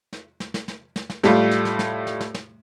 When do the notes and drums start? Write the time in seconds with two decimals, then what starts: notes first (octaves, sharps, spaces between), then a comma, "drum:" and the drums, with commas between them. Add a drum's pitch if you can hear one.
0.13 drum: snare
0.40 drum: snare
0.54 drum: snare
0.68 drum: snare
0.96 drum: snare
1.10 drum: snare
1.23 A2 G3 A3 F4, drum: snare
1.51 drum: snare
1.65 drum: snare
1.79 drum: snare
2.07 drum: snare
2.21 drum: snare
2.34 drum: snare